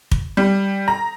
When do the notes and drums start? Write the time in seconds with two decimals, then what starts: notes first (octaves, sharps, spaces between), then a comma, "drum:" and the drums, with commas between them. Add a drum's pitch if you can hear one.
0.11 drum: kick
0.37 G3
0.88 A#5